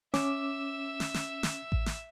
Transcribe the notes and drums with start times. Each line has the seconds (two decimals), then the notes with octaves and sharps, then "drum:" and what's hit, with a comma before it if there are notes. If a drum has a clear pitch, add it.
0.14 C#4 E5 D6 E6, drum: snare
1.00 drum: snare
1.14 drum: snare
1.43 drum: snare
1.72 drum: kick A1
1.86 drum: snare